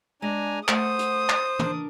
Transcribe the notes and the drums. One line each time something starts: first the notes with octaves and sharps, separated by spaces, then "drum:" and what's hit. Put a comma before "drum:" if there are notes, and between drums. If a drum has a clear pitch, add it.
G#3 D4 G#5 A#5
A3 C5 F#5 D#6, drum: clap
drum: hi-hat
drum: clap
D4 A#4, drum: tom